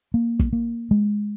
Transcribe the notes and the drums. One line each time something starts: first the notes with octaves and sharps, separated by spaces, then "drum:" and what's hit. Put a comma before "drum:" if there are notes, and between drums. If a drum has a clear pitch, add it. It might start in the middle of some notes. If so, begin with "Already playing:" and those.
A#3
drum: kick
A#3
G#3